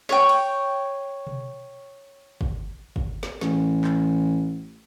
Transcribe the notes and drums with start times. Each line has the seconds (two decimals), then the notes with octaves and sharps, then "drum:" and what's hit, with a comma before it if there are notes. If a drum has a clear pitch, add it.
0.09 C#5 G5, drum: snare
0.29 drum: cymbal
1.27 drum: tom B2
2.41 drum: kick
2.96 drum: kick
3.23 drum: snare
3.41 A1, drum: snare
3.84 drum: clap